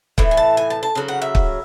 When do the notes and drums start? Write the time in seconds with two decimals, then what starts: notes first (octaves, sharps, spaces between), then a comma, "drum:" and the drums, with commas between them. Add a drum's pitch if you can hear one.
0.18 A2 E3, drum: kick
0.31 G#5
0.37 A5
0.57 G#5
0.70 A5
0.83 A5
0.95 C#3 F#3
1.08 F#5
1.22 E5
1.35 drum: kick